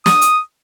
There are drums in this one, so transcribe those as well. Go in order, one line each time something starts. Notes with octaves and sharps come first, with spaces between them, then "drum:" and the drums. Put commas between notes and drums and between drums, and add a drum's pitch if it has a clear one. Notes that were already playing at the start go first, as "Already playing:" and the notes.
D#6, drum: snare
drum: hi-hat